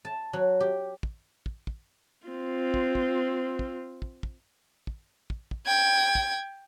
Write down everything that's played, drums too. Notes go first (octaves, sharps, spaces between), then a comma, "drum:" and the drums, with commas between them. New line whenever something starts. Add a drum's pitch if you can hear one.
A5
F#3
G4
drum: kick
drum: kick
drum: kick
C4 F4
drum: kick
drum: kick
drum: kick
drum: kick
drum: kick
drum: kick
drum: kick
drum: kick
G5 G#6
drum: kick